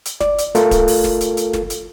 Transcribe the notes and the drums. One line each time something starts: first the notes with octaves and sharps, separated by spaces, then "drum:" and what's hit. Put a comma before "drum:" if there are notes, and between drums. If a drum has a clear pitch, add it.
drum: hi-hat
D5, drum: snare
drum: hi-hat
A3 F4 A4 A#4 F5, drum: hi-hat
drum: kick D1, hi-hat
drum: open hi-hat
drum: snare
drum: hi-hat
drum: hi-hat
drum: snare
drum: hi-hat